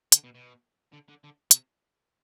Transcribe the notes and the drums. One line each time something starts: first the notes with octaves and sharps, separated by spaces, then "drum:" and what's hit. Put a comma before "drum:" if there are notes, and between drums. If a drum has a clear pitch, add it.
D3, drum: hi-hat
B2
B2
D3
D3
D3
C3, drum: hi-hat